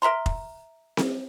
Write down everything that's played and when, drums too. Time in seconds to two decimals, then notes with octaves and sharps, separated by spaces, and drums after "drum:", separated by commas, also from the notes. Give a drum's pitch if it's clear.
0.02 A#4 E5 A#5 C6
0.26 drum: kick F1
0.97 drum: snare C4